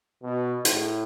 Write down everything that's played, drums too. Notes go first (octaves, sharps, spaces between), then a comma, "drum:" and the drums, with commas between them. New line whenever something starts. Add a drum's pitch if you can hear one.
B2
A2, drum: hi-hat